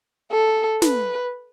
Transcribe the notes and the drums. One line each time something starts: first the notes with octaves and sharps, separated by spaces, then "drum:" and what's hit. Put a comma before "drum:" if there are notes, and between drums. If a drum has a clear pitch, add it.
A4
B4, drum: snare